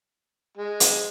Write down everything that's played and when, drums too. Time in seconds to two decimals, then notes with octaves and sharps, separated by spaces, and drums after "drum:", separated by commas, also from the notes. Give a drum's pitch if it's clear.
0.58 G#3
0.80 drum: hi-hat